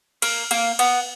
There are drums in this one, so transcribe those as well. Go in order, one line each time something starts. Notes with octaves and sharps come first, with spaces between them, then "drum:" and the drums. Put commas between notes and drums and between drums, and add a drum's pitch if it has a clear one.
A#3, drum: cymbal
A#3, drum: cymbal
B3, drum: cymbal